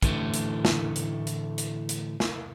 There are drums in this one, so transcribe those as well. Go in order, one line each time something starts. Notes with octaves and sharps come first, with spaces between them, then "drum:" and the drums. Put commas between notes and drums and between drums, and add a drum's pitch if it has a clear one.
A2 D3 E3 G3 A3, drum: kick, hi-hat
drum: hi-hat
drum: snare
drum: hi-hat
drum: hi-hat
drum: hi-hat
drum: hi-hat
drum: snare